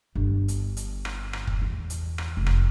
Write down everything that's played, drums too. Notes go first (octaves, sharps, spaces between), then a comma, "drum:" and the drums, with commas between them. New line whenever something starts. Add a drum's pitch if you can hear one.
G1
drum: hi-hat
drum: hi-hat
drum: rim click
drum: rim click
drum: kick
E2
drum: hi-hat
drum: rim click
F1
drum: rim click